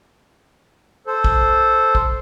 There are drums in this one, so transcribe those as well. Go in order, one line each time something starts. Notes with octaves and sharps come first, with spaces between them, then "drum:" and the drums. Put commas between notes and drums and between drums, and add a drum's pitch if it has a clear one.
A4 C5
drum: kick
drum: kick